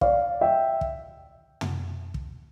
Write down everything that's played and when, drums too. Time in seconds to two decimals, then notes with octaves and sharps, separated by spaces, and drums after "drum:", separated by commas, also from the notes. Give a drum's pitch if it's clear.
0.01 D5 F5, drum: kick
0.41 E5 G5
0.81 drum: kick
1.61 drum: tom
2.14 drum: kick